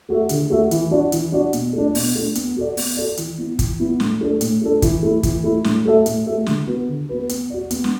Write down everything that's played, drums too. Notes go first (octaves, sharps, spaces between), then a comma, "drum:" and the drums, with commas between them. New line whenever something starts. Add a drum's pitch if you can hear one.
A3 F#4 A4 E5
D3, drum: hi-hat
A3 F#4 A4 E5
E3, drum: hi-hat
D4 F#4 D5
E3, drum: hi-hat
D4 F#4 D5
B2, drum: hi-hat
A3 D4
B2, drum: open hi-hat
A3 D4
B3, drum: hi-hat
F#4 A4 D5
B3, drum: open hi-hat
F#4 A4 D5
E3, drum: hi-hat
B3 E4
E3, drum: kick, hi-hat
B3 E4
A2, drum: snare
A3 D4 A4
A2, drum: hi-hat
A3 D4 A4
E3, drum: kick, hi-hat
A3 E4
E3, drum: kick, hi-hat
A3 E4
A2, drum: snare
A3 F#4 A4 E5
A2, drum: hi-hat
A3 F#4 A4 E5
D3, drum: snare
B3 F#4 B4
D3
B3 F#4 B4
B3, drum: hi-hat
F#4 D5
B3, drum: hi-hat
drum: snare